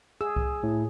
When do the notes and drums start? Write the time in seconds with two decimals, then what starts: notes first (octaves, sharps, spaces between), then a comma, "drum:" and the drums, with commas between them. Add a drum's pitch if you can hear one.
0.21 G#4 E6
0.36 drum: kick C2
0.63 A2